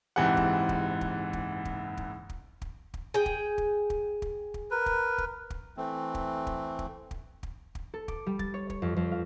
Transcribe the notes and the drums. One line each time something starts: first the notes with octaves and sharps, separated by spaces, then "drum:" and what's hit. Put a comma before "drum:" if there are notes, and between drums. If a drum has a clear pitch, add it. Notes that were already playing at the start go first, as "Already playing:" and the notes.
F#1 G#2 E3 C4 G4 F#5
drum: kick
drum: kick
drum: kick
drum: kick
drum: kick
drum: kick
drum: kick
drum: kick
drum: kick
G#4 G5
drum: kick
drum: kick
drum: kick
drum: kick
drum: kick
A#4 B4
drum: kick
drum: kick
drum: kick
E3 A3 C4
drum: kick
drum: kick
drum: kick
drum: kick
drum: kick
drum: kick
A4
D6, drum: kick
G3
A6, drum: kick
C#5
C#5, drum: kick
F2
F2
F5